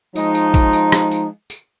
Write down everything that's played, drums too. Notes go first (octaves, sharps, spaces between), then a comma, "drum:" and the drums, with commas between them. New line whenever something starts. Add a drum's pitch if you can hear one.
F3 G#3 D#4, drum: tambourine
drum: tambourine
drum: kick A1, tambourine
drum: tambourine
drum: rim click
drum: tambourine
drum: tambourine